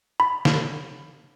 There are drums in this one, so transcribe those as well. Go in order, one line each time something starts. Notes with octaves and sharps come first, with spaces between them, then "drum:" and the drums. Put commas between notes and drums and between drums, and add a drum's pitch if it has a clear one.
B5
drum: snare